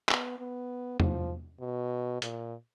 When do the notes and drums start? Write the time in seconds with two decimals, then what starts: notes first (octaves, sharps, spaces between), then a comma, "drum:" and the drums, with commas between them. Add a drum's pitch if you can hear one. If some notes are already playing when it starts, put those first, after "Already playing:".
0.09 B3, drum: clap
0.39 B3
1.00 F3, drum: tom
1.61 B2
2.22 A#2, drum: hi-hat